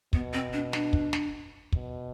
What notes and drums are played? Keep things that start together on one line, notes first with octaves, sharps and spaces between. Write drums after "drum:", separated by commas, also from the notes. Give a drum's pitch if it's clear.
B2 B3, drum: kick
C4
D4
D4, drum: snare
drum: kick
drum: snare
B2, drum: kick